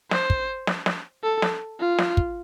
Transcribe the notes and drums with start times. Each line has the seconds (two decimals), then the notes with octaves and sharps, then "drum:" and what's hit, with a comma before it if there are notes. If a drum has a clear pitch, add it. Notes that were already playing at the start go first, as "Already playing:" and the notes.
0.11 C5, drum: snare
0.30 drum: kick
0.67 drum: snare
0.86 drum: snare
1.23 A4
1.42 drum: snare
1.79 F4
1.98 drum: snare
2.17 drum: kick